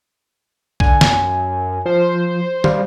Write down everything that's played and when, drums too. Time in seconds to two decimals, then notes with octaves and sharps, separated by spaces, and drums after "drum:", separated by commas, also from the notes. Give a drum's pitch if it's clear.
0.80 D3 G#5, drum: kick A#1
1.01 F#2, drum: snare
1.86 F3 C5
2.64 G3 C5 F5, drum: tom